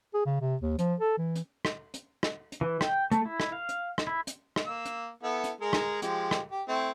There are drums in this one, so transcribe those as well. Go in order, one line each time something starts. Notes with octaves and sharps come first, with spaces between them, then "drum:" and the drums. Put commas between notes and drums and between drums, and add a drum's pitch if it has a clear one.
G#4
C#3
C3
D#2
F3, drum: hi-hat
A4
E3
drum: hi-hat
drum: rim click
drum: hi-hat
drum: rim click
drum: hi-hat
E3
G5, drum: rim click
A3, drum: hi-hat
E4
drum: rim click
F5
drum: hi-hat
drum: rim click
E4
drum: hi-hat
drum: rim click
A#3 E6
drum: hi-hat
B3 E4 A4
drum: hi-hat
G#3 G#4 A#4
drum: rim click
F3 G#3 G4, drum: hi-hat
drum: rim click
G4
A3 C4 E4